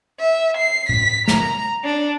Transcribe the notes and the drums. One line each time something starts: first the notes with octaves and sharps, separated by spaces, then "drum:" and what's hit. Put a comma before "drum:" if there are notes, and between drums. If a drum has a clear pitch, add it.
E5
C7
B6, drum: tom A2
A#5, drum: snare
D4